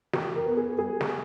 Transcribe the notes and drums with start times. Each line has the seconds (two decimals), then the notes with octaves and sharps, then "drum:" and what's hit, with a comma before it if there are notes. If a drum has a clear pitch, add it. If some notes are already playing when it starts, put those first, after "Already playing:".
0.13 E3 G4, drum: snare
0.35 A#4
0.46 B3
0.57 G#4
0.78 G3 G#4
1.01 drum: snare